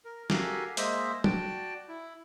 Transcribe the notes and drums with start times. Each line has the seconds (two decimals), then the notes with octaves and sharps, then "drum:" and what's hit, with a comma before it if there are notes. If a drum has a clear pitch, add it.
0.05 A#4
0.30 F#4 G4 A4 A#4 F5 G#5, drum: snare
0.77 G#3 A#3 C5 D#5 E5, drum: hi-hat
1.24 F#4 D5 G5 A5, drum: tom
1.89 E4